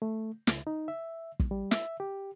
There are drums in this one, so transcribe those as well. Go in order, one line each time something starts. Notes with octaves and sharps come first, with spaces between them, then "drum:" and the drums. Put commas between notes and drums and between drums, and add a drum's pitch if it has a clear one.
A3
C#2, drum: snare
D#4
E5
drum: kick
G3
E5, drum: snare
G4